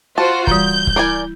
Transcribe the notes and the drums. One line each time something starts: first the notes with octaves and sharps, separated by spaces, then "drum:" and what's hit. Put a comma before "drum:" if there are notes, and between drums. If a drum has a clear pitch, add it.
F4 F#4 C5 A5
E3 G3 G6, drum: kick
drum: kick
E4 A#4 D5 G#5